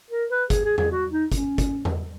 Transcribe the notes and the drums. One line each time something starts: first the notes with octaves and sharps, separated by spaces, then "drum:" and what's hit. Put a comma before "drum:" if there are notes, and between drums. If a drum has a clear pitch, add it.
A#4
B4
G#4, drum: kick, hi-hat
G#4
G#4, drum: tom E2
F#4
D#4
C#4, drum: kick, hi-hat
drum: kick, hi-hat
drum: tom E2